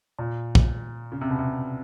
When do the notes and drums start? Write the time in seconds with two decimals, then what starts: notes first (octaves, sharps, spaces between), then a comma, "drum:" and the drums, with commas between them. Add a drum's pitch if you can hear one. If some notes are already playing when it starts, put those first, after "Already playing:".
0.19 A#2
0.55 drum: kick
1.12 C#3
1.21 C3
1.30 B2
1.39 C3